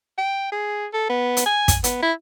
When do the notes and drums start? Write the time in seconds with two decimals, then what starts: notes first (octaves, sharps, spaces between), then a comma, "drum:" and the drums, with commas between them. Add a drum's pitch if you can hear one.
0.18 G5
0.52 G#4
0.93 A4
1.09 B3
1.37 drum: hi-hat
1.46 G#5
1.68 drum: kick, hi-hat
1.84 B3, drum: hi-hat
2.02 E4